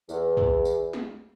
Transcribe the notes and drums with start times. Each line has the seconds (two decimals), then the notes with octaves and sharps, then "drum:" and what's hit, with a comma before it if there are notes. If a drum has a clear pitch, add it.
0.09 E2, drum: tambourine
0.37 drum: tom
0.65 drum: tambourine
0.93 drum: snare